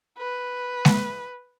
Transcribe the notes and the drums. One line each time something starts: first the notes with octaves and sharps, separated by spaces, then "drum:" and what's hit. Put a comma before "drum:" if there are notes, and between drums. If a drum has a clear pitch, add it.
B4
drum: snare G#3